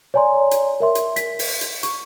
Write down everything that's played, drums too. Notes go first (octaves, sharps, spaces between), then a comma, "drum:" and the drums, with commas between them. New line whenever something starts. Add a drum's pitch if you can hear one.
C#5 D5 G#5 A#5 C6
drum: hi-hat
A#4 E5 C6
drum: hi-hat
B6, drum: hi-hat
drum: open hi-hat
drum: hi-hat
C#6, drum: hi-hat